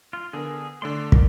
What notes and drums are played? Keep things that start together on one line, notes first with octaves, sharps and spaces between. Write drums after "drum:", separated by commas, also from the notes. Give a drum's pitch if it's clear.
F4
D3 B3 G#4 A#4
D3 A3 D5 C6
A#4, drum: kick